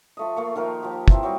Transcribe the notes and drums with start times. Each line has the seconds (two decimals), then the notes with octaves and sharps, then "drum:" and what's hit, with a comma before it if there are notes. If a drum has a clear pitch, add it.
0.17 F3 A3 D#5
0.36 A3 A#3 C#6
0.56 D#3 F3 A#4
0.83 F3 D#4 G4
1.08 E3 C4, drum: kick
1.23 F#3 G3 C4 D#5